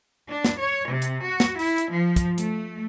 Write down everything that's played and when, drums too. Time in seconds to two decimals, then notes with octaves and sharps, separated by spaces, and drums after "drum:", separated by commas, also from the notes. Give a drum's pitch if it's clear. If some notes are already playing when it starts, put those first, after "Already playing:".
0.29 D4
0.45 drum: snare
0.60 C#5
0.89 C3
1.02 drum: hi-hat
1.24 F#4
1.40 drum: snare
1.59 E4, drum: open hi-hat
1.78 drum: hi-hat
1.93 F3
2.16 drum: kick, hi-hat
2.38 A3, drum: hi-hat